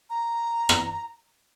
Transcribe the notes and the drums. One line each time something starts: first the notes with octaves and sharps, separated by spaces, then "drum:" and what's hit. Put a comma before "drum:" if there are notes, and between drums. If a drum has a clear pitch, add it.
A#5
drum: rim click